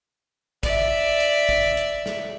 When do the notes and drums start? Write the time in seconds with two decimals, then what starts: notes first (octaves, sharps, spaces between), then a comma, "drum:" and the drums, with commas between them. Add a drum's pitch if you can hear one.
0.63 D5 E5, drum: kick, hi-hat
1.20 drum: hi-hat
1.49 drum: kick
1.77 drum: hi-hat
2.06 drum: snare